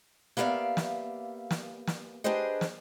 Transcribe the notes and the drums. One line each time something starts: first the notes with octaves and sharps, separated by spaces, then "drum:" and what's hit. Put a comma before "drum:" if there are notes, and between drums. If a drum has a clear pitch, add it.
A#3 B3 G4 D5 E5 F5
drum: snare
drum: snare
drum: snare
D4 G4 G#4 B4 C5 D#5
drum: snare